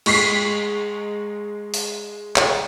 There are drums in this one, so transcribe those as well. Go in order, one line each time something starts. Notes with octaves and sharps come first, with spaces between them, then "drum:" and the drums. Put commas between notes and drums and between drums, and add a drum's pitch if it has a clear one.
G#3 C#6 B6 C7, drum: cymbal
drum: open hi-hat
drum: clap